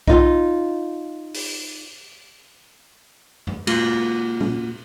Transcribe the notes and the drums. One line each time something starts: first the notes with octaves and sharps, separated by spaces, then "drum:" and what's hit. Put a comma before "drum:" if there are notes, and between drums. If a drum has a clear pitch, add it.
D#4 F4, drum: kick B1
drum: open hi-hat
drum: tom F#2
A#3 F4 F#4, drum: cymbal
drum: tom A#2